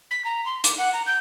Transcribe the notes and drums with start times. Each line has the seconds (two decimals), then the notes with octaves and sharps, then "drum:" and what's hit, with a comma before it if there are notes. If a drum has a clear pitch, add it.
0.11 B6
0.25 A#5
0.46 C6
0.64 D6, drum: hi-hat
0.78 F#5
0.93 A#5
1.06 G6